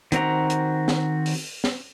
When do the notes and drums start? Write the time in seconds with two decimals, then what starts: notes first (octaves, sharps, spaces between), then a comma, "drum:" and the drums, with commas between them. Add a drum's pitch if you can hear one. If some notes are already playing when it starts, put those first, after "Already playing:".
0.12 D#3 C4 F#4 A#5, drum: hi-hat
0.50 drum: hi-hat
0.88 drum: snare
1.26 drum: open hi-hat
1.64 drum: snare